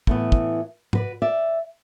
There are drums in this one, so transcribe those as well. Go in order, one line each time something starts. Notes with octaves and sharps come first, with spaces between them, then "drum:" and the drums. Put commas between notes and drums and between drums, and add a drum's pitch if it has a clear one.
A2 E3 B3, drum: kick
drum: kick
F#4 B4 D5, drum: tom G#2
D5 E5